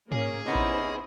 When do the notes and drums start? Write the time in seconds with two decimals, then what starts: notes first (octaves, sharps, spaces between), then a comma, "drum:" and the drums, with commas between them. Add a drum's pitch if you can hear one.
0.12 A#3 C#4 G#4, drum: tom G#2
0.46 C3 B3 C#4 D#4 E4 C5 D#5
0.55 drum: kick A1